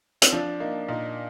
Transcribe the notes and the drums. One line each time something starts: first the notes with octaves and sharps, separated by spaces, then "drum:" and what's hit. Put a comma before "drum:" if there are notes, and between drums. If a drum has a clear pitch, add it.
C4, drum: hi-hat
F3 D4
A#3 D#4
A#2 D#4